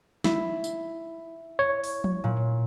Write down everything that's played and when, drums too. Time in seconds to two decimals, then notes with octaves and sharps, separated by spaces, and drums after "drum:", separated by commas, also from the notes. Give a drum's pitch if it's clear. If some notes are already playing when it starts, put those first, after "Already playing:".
0.24 E4, drum: snare
0.64 drum: tambourine
1.59 C#5
1.84 drum: open hi-hat
2.04 drum: tom F3
2.24 A#2